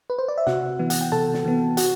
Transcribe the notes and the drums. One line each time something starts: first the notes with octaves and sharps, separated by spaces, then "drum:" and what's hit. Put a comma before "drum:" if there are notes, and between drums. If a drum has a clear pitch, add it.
B4
C5
D5
E5
C3 F#4 F#5, drum: snare
E3 B3
F#5, drum: hi-hat
G5
C3 A4 A5
drum: snare
E3 B3
F#4 F#5, drum: hi-hat